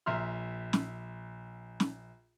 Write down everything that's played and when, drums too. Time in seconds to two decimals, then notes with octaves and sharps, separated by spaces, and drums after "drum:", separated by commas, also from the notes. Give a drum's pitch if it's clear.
0.06 A#1 E5 A#5 C6 F6
0.73 drum: snare
1.80 drum: snare